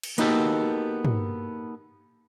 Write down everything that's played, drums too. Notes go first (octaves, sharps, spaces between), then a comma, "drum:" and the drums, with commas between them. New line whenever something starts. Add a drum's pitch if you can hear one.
drum: cymbal
A#3 B3 D#4 F#4 G4 A4, drum: hi-hat
drum: tom